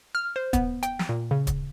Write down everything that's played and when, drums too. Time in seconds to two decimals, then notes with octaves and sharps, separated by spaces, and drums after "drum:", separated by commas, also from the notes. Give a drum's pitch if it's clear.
0.15 F6
0.36 C5
0.53 B3, drum: kick, hi-hat
0.83 G5, drum: hi-hat
0.99 drum: snare
1.09 A#2
1.31 C#3
1.47 drum: kick, hi-hat